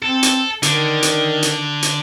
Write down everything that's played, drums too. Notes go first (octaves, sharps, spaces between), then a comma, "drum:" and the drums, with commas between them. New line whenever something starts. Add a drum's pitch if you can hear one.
C4 A4
drum: hi-hat
D3 D#3, drum: hi-hat
drum: hi-hat
drum: hi-hat
drum: hi-hat